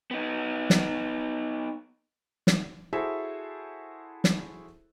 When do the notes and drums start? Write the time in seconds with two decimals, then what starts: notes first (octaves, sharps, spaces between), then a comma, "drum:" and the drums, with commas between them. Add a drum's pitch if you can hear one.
0.11 B3 D#4
0.70 drum: snare
2.47 drum: snare
2.93 E4 F#4 G#4 A4 C5 E5
4.24 drum: snare